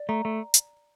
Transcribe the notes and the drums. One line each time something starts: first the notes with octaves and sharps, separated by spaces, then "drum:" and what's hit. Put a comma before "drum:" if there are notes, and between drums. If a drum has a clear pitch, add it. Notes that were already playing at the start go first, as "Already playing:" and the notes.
Already playing: D5
A3 A#5
A3
drum: hi-hat